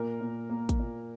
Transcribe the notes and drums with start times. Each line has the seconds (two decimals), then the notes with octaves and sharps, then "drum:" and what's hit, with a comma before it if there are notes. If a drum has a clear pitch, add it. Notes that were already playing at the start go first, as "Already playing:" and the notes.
Already playing: A#2 A#4
0.20 A#2
0.50 A#3
0.69 drum: kick, hi-hat
0.79 A#2